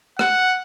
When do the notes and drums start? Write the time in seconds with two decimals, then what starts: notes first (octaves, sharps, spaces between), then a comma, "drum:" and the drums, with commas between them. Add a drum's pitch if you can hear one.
0.19 F#5, drum: rim click